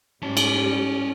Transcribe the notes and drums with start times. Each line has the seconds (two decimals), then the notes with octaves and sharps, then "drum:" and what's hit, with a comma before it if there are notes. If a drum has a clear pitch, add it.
0.23 G#2 G3 C#4 A5
0.37 drum: cymbal